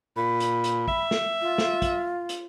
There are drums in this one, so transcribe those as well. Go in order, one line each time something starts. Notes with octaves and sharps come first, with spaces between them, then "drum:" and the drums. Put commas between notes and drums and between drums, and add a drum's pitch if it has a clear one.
A#2 B5
drum: hi-hat
drum: hi-hat
E5, drum: kick
drum: snare
F4
drum: snare
drum: kick, hi-hat
drum: hi-hat